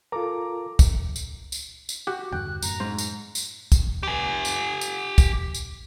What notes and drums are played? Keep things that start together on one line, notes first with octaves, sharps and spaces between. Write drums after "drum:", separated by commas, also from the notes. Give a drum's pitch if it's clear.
F4 A4 A#4 A#5 D6
drum: kick, tambourine
drum: tambourine
drum: tambourine
drum: tambourine
F#4 G4 F#5
E2 G2 D3 G5 F#6
F#2 A2 A#5, drum: tambourine
G#2 C5
drum: tambourine
drum: tambourine
drum: kick, tambourine
G4 G#5
drum: tambourine
drum: tambourine
drum: kick, tambourine
drum: tambourine